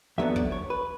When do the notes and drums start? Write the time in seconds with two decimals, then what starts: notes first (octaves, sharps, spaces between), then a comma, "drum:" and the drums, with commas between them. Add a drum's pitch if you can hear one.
0.18 E2 D3 F#3 B3 E5
0.36 D5, drum: kick
0.52 C#5
0.70 B4